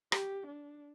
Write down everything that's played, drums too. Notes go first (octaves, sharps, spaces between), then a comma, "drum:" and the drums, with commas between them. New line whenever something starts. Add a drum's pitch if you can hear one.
G4, drum: rim click
D4